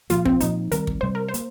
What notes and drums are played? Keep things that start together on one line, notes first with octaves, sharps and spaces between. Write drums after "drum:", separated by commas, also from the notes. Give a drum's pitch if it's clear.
A#2 F3 A#3 F4, drum: hi-hat
C4, drum: kick
A#2 F3 A#3 D#4, drum: hi-hat
D#3 G3 C4 A#4, drum: hi-hat
drum: kick
C3 G3 C4 C5
A#4
C5
A#3, drum: hi-hat